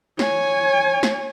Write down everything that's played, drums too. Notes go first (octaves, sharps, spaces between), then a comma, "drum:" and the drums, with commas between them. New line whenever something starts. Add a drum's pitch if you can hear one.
C#5 G#5, drum: snare
drum: snare